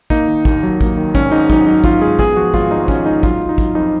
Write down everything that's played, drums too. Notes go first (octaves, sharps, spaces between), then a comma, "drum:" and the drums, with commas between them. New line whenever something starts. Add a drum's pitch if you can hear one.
A#3 D#4, drum: kick A1
D#3
D#2, drum: kick A1
F#3
A#3, drum: kick A1
D#3
G#1 C#4, drum: kick A1
G#2 D#4
F#3 D#4, drum: kick A1
F#3 D#4
G#1 F4, drum: kick A1
G#2 G#4
B3 G#4, drum: kick A1
F3 F#4
G#1 F4, drum: kick A1
G#2 D#4
F3 C#4, drum: kick A1
G#2 D#4
F#3 F4, drum: kick A1
F#3
D#4
F#3, drum: kick A1
F2 D#4